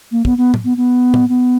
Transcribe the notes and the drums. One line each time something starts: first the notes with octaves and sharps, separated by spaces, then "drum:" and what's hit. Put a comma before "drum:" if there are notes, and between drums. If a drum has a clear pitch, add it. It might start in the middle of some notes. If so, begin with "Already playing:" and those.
A#3
B3, drum: kick
B3
drum: tom
B3
B3
drum: tom
B3